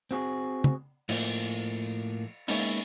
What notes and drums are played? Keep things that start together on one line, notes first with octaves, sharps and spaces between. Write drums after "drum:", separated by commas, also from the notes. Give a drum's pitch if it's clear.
C4 F#4 G#4
drum: tom
A2 F3 A#3, drum: cymbal
G#3 A#3 B3 C#4 D#4 E4, drum: cymbal